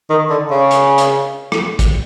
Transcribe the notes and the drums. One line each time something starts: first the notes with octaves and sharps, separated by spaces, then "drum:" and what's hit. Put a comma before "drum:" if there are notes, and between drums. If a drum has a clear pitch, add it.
D#3
D3
C#3
drum: hi-hat
drum: hi-hat
drum: rim click
drum: kick, hi-hat